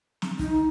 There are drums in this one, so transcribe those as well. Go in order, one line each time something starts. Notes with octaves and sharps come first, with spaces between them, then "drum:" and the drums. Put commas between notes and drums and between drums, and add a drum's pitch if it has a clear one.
drum: snare
D#4, drum: kick